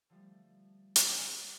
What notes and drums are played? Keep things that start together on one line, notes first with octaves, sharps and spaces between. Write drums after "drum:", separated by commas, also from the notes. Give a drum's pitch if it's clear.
D3 F3 G3 A3
drum: hi-hat